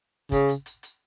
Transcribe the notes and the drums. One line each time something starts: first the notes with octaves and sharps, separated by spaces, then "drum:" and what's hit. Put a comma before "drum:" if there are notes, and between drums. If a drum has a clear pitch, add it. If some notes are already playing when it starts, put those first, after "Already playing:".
C#3, drum: kick, hi-hat
drum: hi-hat
drum: hi-hat
drum: hi-hat